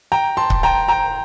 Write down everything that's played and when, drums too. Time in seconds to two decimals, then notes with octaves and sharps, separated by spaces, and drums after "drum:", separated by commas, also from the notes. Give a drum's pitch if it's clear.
0.12 G5 A#5
0.37 A5 C6
0.50 drum: kick C#1
0.63 G5 A#5
0.88 G5 A#5